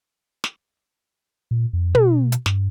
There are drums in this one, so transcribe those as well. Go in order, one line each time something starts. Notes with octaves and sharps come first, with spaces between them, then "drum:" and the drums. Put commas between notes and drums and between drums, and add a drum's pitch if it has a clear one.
drum: snare
A#2
F2
B2, drum: tom
drum: hi-hat
G2, drum: snare